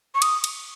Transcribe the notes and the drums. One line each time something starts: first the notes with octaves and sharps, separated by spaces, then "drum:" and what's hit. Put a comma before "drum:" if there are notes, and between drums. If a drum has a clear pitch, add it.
C#6
D#6, drum: cymbal
drum: cymbal